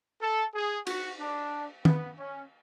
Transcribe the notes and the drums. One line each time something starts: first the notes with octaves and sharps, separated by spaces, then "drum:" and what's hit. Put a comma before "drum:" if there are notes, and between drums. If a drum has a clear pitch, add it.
A4
G#4
F#4, drum: cymbal
D4
B3, drum: tom D#3
C#4